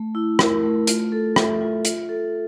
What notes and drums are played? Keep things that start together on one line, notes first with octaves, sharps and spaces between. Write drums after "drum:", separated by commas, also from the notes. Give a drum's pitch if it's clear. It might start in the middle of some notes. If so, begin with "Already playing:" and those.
Already playing: A3
E4
A#4, drum: rim click
A3
F4, drum: hi-hat
A4
E5, drum: rim click
F4
F4, drum: hi-hat
A4